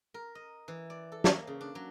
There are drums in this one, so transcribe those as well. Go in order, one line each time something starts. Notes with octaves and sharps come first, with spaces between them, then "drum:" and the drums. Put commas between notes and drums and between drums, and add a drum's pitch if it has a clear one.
A#4
D#5
E3
D5
A4
A#3, drum: snare
C#3
D4
F#3